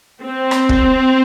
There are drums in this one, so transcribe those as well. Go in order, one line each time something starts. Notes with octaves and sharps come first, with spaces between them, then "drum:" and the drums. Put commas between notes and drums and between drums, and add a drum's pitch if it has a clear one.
C4
drum: rim click
drum: kick